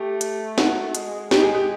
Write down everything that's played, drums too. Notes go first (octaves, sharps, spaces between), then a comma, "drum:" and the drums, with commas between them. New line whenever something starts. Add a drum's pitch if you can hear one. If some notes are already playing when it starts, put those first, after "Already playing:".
Already playing: A3 G4
drum: hi-hat
F#4, drum: snare
G#3, drum: hi-hat
G#3 G4, drum: snare
G#4
G4